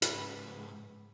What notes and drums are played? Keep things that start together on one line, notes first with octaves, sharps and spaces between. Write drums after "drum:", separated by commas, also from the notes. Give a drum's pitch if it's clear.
C#2 G#2 B4, drum: hi-hat